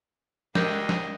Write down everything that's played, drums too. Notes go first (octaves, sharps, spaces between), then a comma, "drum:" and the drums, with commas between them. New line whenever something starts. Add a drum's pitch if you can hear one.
D2 G#3 D4 G4 A#4 D#5 A#6, drum: snare
drum: snare